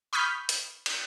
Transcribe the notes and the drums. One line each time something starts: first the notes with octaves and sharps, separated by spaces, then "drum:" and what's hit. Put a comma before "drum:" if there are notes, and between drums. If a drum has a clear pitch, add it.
B5 C#6 D#6 F6 G6 B6
drum: hi-hat
drum: cymbal